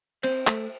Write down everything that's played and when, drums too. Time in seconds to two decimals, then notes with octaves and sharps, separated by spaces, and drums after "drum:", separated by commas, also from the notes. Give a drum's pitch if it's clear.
0.23 C4 C5, drum: cymbal
0.47 A3, drum: clap